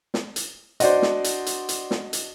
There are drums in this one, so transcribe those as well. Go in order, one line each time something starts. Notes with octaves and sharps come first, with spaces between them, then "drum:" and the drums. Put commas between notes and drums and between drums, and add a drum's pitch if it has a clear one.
drum: snare
drum: hi-hat
D4 F#4 C5 D5 D#5 F#5, drum: hi-hat
drum: snare
drum: hi-hat
drum: hi-hat
drum: hi-hat
drum: snare
drum: hi-hat